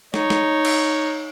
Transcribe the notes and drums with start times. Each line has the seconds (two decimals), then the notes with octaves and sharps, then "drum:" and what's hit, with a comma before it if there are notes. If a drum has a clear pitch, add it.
0.14 D#4 C#5, drum: snare
0.30 drum: snare
0.65 drum: cymbal